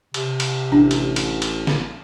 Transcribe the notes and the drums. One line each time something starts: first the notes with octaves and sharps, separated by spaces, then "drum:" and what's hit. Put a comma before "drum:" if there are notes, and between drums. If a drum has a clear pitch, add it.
C3, drum: cymbal
drum: cymbal
A1 D4
drum: cymbal
drum: cymbal
drum: cymbal
drum: snare